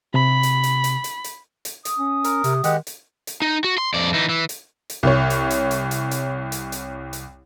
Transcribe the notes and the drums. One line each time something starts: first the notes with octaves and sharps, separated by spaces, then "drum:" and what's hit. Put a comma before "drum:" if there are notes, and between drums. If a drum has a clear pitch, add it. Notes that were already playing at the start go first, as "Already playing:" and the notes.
C3 B5
drum: hi-hat
drum: hi-hat
drum: hi-hat
drum: hi-hat
drum: hi-hat
drum: hi-hat
D#6, drum: hi-hat
C#4
A#4, drum: hi-hat
C3, drum: hi-hat
D#3 G#3 G4 F#5, drum: hi-hat
drum: hi-hat
drum: hi-hat
D#4
F#4
C6
F2 D5
E3 D#4
E3
drum: hi-hat
drum: hi-hat
C2 C#5
drum: hi-hat
drum: hi-hat
drum: hi-hat
drum: hi-hat
drum: hi-hat
drum: hi-hat
drum: hi-hat
drum: hi-hat